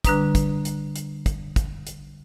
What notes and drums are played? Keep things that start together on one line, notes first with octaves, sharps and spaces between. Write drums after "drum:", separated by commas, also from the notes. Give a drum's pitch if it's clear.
D3 G3 D4 B4 A#5 D#6, drum: kick, hi-hat
drum: kick, hi-hat
drum: hi-hat
drum: hi-hat
drum: kick, hi-hat
drum: kick, hi-hat
drum: hi-hat